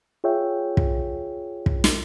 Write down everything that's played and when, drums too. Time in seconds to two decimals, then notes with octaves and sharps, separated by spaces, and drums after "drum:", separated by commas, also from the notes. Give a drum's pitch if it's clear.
0.24 F4 G#4 C#5 E5 G5
0.77 drum: kick
1.66 drum: kick
1.84 drum: snare